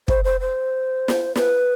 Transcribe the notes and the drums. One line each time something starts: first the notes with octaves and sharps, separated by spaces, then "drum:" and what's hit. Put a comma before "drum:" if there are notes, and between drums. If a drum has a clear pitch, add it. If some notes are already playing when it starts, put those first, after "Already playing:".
C5, drum: kick
C5
C5
drum: snare
B4, drum: snare